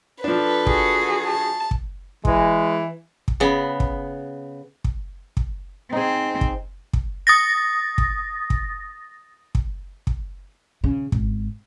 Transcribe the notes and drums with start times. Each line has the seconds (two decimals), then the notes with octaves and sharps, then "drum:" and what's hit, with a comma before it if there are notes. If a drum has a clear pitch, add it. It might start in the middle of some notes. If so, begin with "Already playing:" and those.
0.24 F3 D4 A4 B4
0.67 F#4 G#4, drum: kick
1.24 A5
1.71 drum: kick
2.25 E3 G#3, drum: kick
3.28 drum: kick
3.40 C#3 B3
3.80 drum: kick
4.84 drum: kick
5.37 drum: kick
5.93 C4 D#4 G#4
6.41 drum: kick
6.93 drum: kick
7.27 D#6 A6 A#6
7.98 drum: kick
8.50 drum: kick
9.55 drum: kick
10.07 drum: kick
10.84 C#3
11.12 G#1, drum: kick